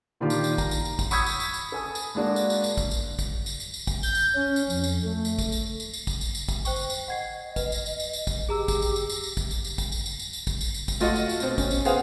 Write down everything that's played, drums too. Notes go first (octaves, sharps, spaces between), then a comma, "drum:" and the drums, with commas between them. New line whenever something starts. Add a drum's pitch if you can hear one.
A#2 D#3 D4 F4 G4
drum: tambourine
drum: tambourine
A#5, drum: kick A1, tambourine
drum: tambourine
drum: tambourine
drum: kick A1, tambourine
B5 C#6 D#6 E6 G#6 B6, drum: tambourine
drum: tambourine
drum: tambourine
drum: tambourine
A4 G#5 D#6
drum: tambourine
G#3 A#3 D4 F#4 D5
drum: tambourine
drum: tambourine
drum: tambourine
drum: kick A1, tambourine
drum: tambourine
drum: kick A1, tambourine
drum: tambourine
drum: tambourine
drum: tambourine
drum: kick A1, tambourine
G6, drum: tambourine
drum: tambourine
C#4
drum: tambourine
F2, drum: tambourine
drum: tambourine
A3
drum: tambourine
drum: kick A1, tambourine
drum: tambourine
drum: tambourine
drum: tambourine
drum: kick A1, tambourine
drum: tambourine
drum: tambourine
drum: kick A1, tambourine
C5 G5 C#6, drum: tambourine
drum: tambourine
drum: tambourine
D#5 F#5 G#6 C7
B4, drum: kick A1, tambourine
drum: tambourine
drum: tambourine
drum: tambourine
drum: tambourine
drum: kick A1, tambourine
G4 G#4 A#5 E6
drum: kick A1, tambourine
drum: tambourine
drum: tambourine
drum: tambourine
drum: tambourine
drum: kick A1, tambourine
drum: tambourine
drum: tambourine
drum: kick A1, tambourine
drum: tambourine
drum: tambourine
drum: tambourine
drum: tambourine
drum: kick A1, tambourine
drum: tambourine
drum: tambourine
drum: kick A1, tambourine
A3 F4 F#4 D#5, drum: tambourine
drum: tambourine
drum: tambourine
B2 C4, drum: tambourine
C#4, drum: kick A1, tambourine
drum: tambourine
B3 G#4 C5 F5 F#5, drum: tambourine